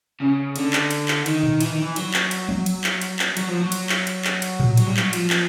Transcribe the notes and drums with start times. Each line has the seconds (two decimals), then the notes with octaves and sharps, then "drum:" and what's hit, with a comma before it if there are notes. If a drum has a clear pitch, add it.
0.20 C#3
0.56 D3, drum: cymbal
0.73 drum: clap
0.91 drum: cymbal
1.08 drum: clap
1.26 D#3, drum: cymbal
1.43 drum: tom A#2
1.61 E3, drum: cymbal
1.71 D#3
1.82 E3
1.96 F#3, drum: cymbal
2.14 drum: clap
2.31 drum: cymbal
2.49 drum: tom F3
2.66 drum: cymbal
2.84 drum: clap
3.01 drum: cymbal
3.19 drum: clap
3.37 F#3, drum: cymbal
3.49 F3
3.61 F#3
3.72 drum: cymbal
3.89 drum: clap
4.07 drum: cymbal
4.24 drum: clap
4.42 drum: cymbal
4.60 drum: tom A2
4.77 F#3, drum: cymbal
4.87 G3
4.97 F#3, drum: clap
5.13 F3, drum: cymbal
5.30 drum: clap